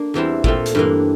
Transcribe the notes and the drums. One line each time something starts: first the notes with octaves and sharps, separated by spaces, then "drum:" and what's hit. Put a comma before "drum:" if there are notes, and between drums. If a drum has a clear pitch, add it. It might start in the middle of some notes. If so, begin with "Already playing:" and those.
Already playing: A#3 D4
E2 E3 G3 C4 E4
A#2 A3 C4 F4 A4, drum: kick
drum: hi-hat
G2 E3 A#3